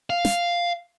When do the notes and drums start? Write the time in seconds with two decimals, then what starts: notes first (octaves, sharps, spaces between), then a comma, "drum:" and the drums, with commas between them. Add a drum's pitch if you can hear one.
0.10 F5
0.25 drum: snare